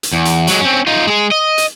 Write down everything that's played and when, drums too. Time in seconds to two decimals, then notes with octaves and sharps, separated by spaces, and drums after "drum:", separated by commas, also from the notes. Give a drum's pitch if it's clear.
0.03 drum: hi-hat
0.13 E2
0.25 drum: hi-hat
0.47 F#3 G#3, drum: hi-hat
0.61 C4 C#4
0.87 D#4 F4
1.07 G#3 G#4
1.31 D#5
1.58 drum: hi-hat